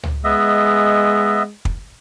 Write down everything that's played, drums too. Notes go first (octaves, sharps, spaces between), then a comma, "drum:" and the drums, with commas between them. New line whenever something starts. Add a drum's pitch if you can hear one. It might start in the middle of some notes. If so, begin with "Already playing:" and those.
drum: tom C#2
G#3 B3 D#5 E5
drum: kick